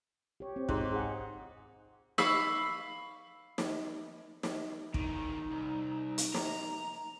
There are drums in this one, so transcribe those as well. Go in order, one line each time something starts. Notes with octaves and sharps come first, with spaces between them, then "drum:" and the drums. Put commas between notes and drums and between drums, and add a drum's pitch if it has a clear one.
G4 C#5
C4
G#2, drum: kick
G#4 F#5
F5 B5 C#6 E6, drum: snare
drum: snare
drum: snare
E2 D#3 D#4, drum: kick
C2
drum: hi-hat
A#5, drum: snare